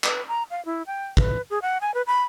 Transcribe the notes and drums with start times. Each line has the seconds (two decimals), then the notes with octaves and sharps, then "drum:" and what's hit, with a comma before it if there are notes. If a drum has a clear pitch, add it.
0.04 B4, drum: clap
0.28 A#5
0.50 F5
0.65 E4
0.87 G5
1.17 B4, drum: kick
1.50 G#4
1.62 F#5
1.81 G#5
1.94 B4
2.07 B5